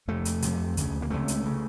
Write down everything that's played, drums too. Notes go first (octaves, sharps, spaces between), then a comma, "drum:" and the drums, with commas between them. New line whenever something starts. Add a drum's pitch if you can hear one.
F2 C3 A3
drum: hi-hat
F2 C3, drum: hi-hat
D2 C#3, drum: hi-hat
A#3
C#2 C3 A3
drum: hi-hat
C#3